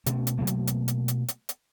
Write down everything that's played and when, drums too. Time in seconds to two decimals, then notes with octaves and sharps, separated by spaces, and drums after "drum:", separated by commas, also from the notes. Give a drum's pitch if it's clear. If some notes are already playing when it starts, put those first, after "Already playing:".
0.06 B2 A3 C#4, drum: hi-hat
0.27 drum: hi-hat
0.38 B2 F#3 A3 A#3
0.47 drum: hi-hat
0.67 drum: hi-hat
0.88 drum: hi-hat
1.08 drum: hi-hat
1.28 drum: hi-hat
1.49 drum: hi-hat